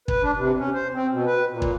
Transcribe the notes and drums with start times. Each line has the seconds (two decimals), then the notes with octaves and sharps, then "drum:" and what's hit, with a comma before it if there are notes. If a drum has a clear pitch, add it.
0.08 B4, drum: kick
0.23 D4
0.37 C3
0.59 C#4
0.74 C5
0.94 C4
1.10 B2
1.26 B4
1.51 A#2
1.62 drum: kick